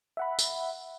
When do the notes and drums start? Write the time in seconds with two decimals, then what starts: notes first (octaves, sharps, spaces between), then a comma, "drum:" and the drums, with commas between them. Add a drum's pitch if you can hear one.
0.17 E5 F#5 B5
0.39 drum: tambourine